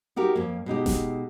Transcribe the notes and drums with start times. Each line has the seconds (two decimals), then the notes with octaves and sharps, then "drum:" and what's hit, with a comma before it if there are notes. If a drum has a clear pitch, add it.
0.16 D#4 F#4 G4 A#4
0.36 F2 A#3
0.66 B2 G#3 D#4 G4
0.86 drum: snare F#1